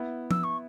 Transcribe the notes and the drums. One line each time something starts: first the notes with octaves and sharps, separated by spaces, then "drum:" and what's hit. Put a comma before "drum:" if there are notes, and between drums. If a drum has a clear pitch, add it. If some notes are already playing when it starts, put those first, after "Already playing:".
Already playing: B3 E4
E6, drum: tom F3
C#6